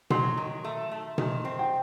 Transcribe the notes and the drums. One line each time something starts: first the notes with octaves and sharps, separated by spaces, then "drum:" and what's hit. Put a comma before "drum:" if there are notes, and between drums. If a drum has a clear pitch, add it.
F#3 C6, drum: tom B2
D#3
A3
A3
D#3, drum: tom B2
C4
G5